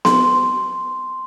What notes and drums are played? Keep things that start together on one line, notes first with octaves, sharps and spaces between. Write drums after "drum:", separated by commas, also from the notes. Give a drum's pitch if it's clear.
C6, drum: snare B3